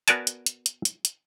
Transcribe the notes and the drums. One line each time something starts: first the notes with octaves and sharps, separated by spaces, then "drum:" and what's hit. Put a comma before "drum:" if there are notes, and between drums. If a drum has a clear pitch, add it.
B3 F#4 A#4 D5 G#5 A5, drum: hi-hat
drum: hi-hat
drum: hi-hat
drum: hi-hat
drum: hi-hat
drum: hi-hat